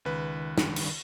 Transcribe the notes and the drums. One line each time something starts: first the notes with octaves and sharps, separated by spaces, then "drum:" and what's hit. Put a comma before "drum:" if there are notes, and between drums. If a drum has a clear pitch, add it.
C#2 D#3 B4
drum: snare
drum: cymbal